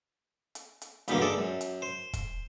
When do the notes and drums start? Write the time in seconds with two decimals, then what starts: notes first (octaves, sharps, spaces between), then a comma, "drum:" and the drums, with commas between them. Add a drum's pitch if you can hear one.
0.55 drum: hi-hat
0.82 drum: hi-hat
1.08 B1 E2 G2 B2 D3 A#3, drum: hi-hat
1.22 G#3 A4 D5
1.38 F#2
1.61 drum: hi-hat
1.82 C5
2.13 drum: kick, hi-hat